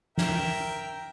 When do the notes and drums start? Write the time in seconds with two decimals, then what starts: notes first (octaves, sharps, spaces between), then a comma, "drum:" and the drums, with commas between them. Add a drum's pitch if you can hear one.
0.18 A#4 E5 G5, drum: snare